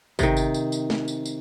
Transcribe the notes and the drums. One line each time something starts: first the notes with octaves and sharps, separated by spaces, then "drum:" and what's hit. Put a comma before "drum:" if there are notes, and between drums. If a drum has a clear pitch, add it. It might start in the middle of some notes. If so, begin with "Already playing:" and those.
C3 D#3, drum: kick G1, tambourine
drum: tambourine
drum: tambourine
drum: tambourine
drum: snare
drum: tambourine
drum: tambourine